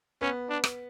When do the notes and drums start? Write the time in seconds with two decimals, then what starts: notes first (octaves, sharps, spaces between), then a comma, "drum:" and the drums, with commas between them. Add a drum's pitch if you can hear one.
0.21 B3 C#4
0.49 D4
0.64 drum: rim click